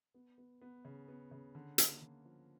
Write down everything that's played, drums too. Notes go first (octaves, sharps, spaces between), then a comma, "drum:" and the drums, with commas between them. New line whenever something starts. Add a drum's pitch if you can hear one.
B3
B3
B3
C#3
B3
C#3
D3
A#3, drum: hi-hat
D3
F3